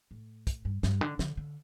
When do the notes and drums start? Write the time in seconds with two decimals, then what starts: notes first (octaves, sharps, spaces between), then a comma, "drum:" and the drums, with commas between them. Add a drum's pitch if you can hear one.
0.11 A2
0.47 drum: kick, hi-hat
0.65 G2
0.83 G2, drum: snare
1.01 D3
1.19 D3, drum: snare
1.37 D3